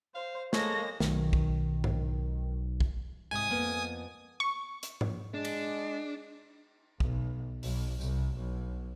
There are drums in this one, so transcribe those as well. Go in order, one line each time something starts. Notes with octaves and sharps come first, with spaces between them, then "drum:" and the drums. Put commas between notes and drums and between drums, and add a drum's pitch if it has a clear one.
C5 F5
G#3 A#3 A4 C#5 A#6, drum: snare
B1 D#3, drum: snare
drum: kick
drum: tom G#2
drum: kick
G#2 C3 G#5 D#6
F2 A#3 B3
C#6
drum: hi-hat
drum: tom G#2
G#3 D4
drum: cymbal
B1, drum: kick
B1, drum: open hi-hat
C2, drum: tambourine
B1